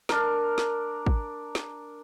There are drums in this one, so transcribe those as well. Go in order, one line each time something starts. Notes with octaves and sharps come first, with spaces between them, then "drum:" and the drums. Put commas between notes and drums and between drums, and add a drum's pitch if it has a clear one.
D4 A#4, drum: snare
drum: snare
drum: kick
drum: snare